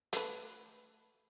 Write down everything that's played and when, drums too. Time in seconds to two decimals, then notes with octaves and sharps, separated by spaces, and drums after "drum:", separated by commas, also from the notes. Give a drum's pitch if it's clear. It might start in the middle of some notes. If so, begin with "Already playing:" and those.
0.13 A3 B4, drum: hi-hat